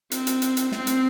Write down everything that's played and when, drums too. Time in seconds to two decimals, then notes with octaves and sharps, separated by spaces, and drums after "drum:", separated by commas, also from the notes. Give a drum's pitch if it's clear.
0.11 C4, drum: hi-hat
0.27 drum: hi-hat
0.42 drum: hi-hat
0.57 drum: hi-hat
0.72 C4, drum: snare
0.87 drum: hi-hat